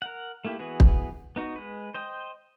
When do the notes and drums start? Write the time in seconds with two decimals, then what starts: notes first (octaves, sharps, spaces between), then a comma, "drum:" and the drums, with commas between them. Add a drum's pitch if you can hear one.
0.02 A#4 F#5
0.45 A3 A#3 E4 G4
0.59 E3 B3 F#4 G#4 B4
0.80 drum: kick
1.36 B3 D#4 F#4
1.56 G#3 B4
1.94 C5 D#5 G5